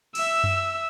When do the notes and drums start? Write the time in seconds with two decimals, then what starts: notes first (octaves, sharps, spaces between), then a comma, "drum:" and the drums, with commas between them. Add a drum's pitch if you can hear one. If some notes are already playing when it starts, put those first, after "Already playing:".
0.15 E5 E6, drum: cymbal
0.44 drum: tom F#2